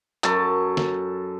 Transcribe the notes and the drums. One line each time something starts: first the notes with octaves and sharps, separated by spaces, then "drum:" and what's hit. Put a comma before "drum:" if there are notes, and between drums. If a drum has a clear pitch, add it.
F#2 A4 A5, drum: clap
drum: snare